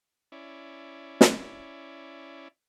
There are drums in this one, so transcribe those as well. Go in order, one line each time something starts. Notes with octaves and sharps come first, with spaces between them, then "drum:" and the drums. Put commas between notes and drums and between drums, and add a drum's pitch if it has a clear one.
C#4 E4 D5
drum: snare